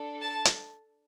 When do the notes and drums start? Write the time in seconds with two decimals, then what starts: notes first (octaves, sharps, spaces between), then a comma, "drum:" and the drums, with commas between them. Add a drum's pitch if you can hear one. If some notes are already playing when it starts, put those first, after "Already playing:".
Already playing: D4 A4
0.21 A5
0.45 drum: hi-hat